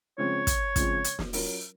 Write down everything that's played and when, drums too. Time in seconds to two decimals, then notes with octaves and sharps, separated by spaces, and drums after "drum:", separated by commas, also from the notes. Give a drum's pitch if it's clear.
0.18 C#3 F3 G#3 C4 F4 C#5
0.47 drum: kick, hi-hat
0.76 C#3 F3 G#3 C4 F4, drum: kick, hi-hat
1.04 drum: hi-hat
1.19 drum: snare
1.33 F#3 C#4 F4 A#4, drum: open hi-hat